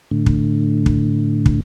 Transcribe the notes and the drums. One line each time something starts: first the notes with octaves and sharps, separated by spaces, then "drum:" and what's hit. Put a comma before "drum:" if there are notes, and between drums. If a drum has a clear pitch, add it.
A2 D3
drum: kick
drum: kick
drum: kick